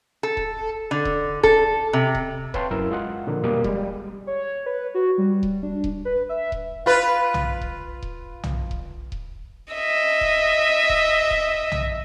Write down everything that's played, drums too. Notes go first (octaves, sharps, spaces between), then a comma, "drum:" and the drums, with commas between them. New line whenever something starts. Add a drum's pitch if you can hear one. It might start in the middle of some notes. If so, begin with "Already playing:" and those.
A4
drum: kick D#1
D3
drum: kick D#1
A4, drum: kick D#1
C3
drum: kick D#1
B4 C#5 F5 G5 A5 C6, drum: kick D#1
F#2 E4 A#4 E6
G#3 F4 D#5 F#5
A#2 D3 F3 A#3
F2 B2 G3 A#3 D6 D#6
G3 G#3, drum: kick D#1
C#5
B4
F#4
G3
drum: kick D#1
D4
drum: kick D#1
B4
E5
drum: kick D#1
F4 B4
drum: tom B1
drum: kick D#1
drum: kick D#1
drum: tom B1
drum: kick D#1
drum: kick D#1
D#5 E5
drum: kick D#1
drum: kick D#1
drum: kick D#1
drum: tom B1